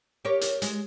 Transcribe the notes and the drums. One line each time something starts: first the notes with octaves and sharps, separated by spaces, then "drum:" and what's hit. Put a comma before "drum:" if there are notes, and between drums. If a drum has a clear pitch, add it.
G4 A#4 C#5
drum: hi-hat
G#3, drum: hi-hat